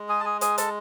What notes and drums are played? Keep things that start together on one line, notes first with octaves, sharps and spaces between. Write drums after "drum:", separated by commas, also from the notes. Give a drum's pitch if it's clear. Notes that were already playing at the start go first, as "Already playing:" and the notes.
Already playing: G#3
G#4 G#5
A5
G#4 G#5
G#4 G#5, drum: hi-hat
A4 A5, drum: hi-hat